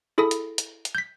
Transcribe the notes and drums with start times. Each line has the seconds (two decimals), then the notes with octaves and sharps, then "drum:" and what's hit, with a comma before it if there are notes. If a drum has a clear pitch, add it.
0.18 E4 G#4 A4 B5 D#6
0.31 drum: hi-hat
0.58 drum: hi-hat
0.85 drum: hi-hat
0.95 G6 B6